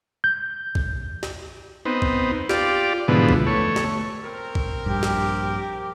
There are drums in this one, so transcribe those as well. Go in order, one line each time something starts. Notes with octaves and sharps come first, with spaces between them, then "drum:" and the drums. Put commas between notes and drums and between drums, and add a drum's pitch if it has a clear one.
G6
drum: kick B1
drum: snare
B3 C4 D#4
drum: kick B1
F4 G4 D5, drum: snare
G#2 B2 D3 E3 F3 B3
drum: kick B1
A3 C#5
drum: snare
C4 A#4
drum: kick B1
A#1 G2 G4
drum: snare